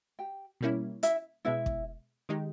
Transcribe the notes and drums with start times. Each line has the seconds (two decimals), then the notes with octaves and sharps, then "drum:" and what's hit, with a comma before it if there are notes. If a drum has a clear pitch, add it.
0.19 G4 G5
0.61 B2 G3 A#3 C#4 E4
1.03 E4 E5, drum: hi-hat
1.45 B2 G#3 B3 E4 E5
1.66 drum: kick
2.29 D#3 G#3 D#4 G4